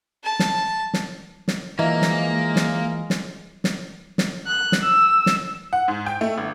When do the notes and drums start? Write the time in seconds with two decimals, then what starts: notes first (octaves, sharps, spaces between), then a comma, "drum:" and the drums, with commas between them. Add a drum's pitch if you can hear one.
0.24 A5
0.39 drum: snare
0.94 drum: snare
1.48 drum: snare
1.79 E3 F3 G#3 A#3 D#5 E5 A#5
2.02 drum: snare
2.56 drum: snare
3.10 drum: snare
3.64 drum: snare
4.18 drum: snare
4.47 F#6
4.72 drum: snare
4.84 E6
5.26 drum: snare
5.73 F#5
5.88 G#2
6.06 G5
6.21 A3
6.38 G1